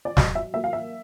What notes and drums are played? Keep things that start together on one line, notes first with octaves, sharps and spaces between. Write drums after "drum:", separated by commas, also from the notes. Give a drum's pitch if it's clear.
D5
F#3 D#5, drum: snare
E5
A#3 E5
F5
E5